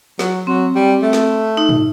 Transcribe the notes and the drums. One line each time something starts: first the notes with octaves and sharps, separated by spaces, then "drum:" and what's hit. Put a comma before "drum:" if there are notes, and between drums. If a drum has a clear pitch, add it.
F#3, drum: snare
F#3 C4
G3
A3
drum: snare
D#4
drum: tom